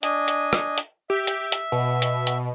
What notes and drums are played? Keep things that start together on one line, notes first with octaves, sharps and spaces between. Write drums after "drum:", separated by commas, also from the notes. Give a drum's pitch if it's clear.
D4 D#5 G#5, drum: hi-hat
drum: hi-hat
drum: rim click
drum: hi-hat
G4 E5
drum: hi-hat
drum: hi-hat
B2
drum: hi-hat
drum: hi-hat